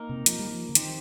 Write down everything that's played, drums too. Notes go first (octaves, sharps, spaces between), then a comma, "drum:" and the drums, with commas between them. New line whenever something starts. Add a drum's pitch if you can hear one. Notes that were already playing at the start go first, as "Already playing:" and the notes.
Already playing: A#3 D#4 A#4
C3
F3, drum: hi-hat
G3
F3
D3
D#3 C4 G4 C5, drum: hi-hat